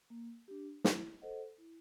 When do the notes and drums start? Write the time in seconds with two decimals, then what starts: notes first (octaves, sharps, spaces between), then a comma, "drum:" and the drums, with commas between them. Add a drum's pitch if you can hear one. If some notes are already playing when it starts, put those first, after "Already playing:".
0.10 A#3
0.48 D4 G4
0.84 E4, drum: snare
1.22 A4 C5 D#5 F#5
1.58 E4